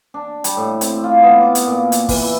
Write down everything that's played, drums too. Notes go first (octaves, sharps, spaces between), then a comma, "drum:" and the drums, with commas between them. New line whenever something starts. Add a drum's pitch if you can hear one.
D4
G3, drum: hi-hat
A2
C4, drum: hi-hat
F4
B3
D6
drum: hi-hat
A#2
drum: hi-hat
E3, drum: kick, open hi-hat
E4